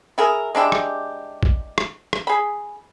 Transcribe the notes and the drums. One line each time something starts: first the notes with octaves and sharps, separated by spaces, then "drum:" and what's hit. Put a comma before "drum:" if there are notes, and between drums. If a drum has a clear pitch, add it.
E4 G#4 A#4
G#3 D4 E4 G4
drum: rim click
drum: kick A#1
drum: rim click
drum: rim click
G#4 B5